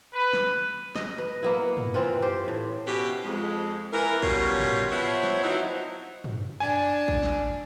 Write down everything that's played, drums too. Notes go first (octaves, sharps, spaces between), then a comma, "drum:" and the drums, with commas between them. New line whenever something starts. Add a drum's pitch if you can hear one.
B4
drum: snare
D#5, drum: snare
B4
A#3 B3 E4
drum: tom
E3 C4 F4 B4
G4 C5
A2
B2 E3 C#4 G4
F2 G#3
E3 A#4
B2 G3 C#4 F4 A#4 C#5, drum: kick
drum: tom
F3 B3 C4 E4 C#5
drum: snare
F3 F#3 C4 D#4 E4
drum: tom
D4 G#5
drum: kick
drum: snare